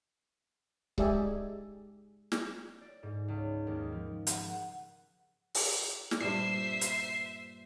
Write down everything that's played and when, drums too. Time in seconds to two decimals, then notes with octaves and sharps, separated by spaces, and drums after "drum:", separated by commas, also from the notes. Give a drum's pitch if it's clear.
0.98 G#3 G4 G#4 D5 E5 G#5, drum: kick C#1
2.32 drum: snare
2.81 D5
3.03 G#2
3.28 C#2
3.67 D#2
3.92 F3
4.27 F#5, drum: hi-hat
5.55 drum: open hi-hat
6.11 drum: snare
6.21 G2 A#2 C5 E5 C7
6.81 drum: hi-hat